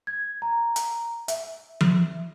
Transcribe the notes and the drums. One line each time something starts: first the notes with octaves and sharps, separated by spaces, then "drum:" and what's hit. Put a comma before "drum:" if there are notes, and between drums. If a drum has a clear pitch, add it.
G#6
A#5
drum: hi-hat
E5, drum: hi-hat
drum: tom F3